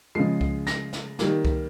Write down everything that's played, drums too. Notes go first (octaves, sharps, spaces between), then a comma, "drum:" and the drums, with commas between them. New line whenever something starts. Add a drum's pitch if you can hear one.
C#3 F3 G#3 C7
drum: kick C#2
A#6, drum: snare
drum: snare
D#3 G3 A#3, drum: snare
drum: kick C#2